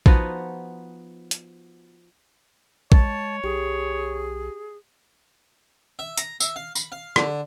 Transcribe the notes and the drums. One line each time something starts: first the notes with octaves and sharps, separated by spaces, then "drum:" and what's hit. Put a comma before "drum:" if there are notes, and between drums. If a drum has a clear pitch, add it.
F3 B3 D#4 F#4, drum: kick
drum: hi-hat
G#3 C#5 A5, drum: kick
B1 G4 G#4
E5
A#5, drum: hi-hat
E5, drum: tambourine
F5
B5, drum: tambourine
F5
D3, drum: rim click